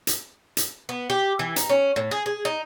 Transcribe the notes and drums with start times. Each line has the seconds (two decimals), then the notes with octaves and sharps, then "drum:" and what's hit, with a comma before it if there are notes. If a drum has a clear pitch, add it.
0.07 drum: hi-hat
0.57 drum: hi-hat
0.89 B3
1.10 G4
1.39 E3
1.56 D#4, drum: hi-hat
1.69 C#4
1.96 A2
2.11 G#4
2.26 G#4
2.45 D#4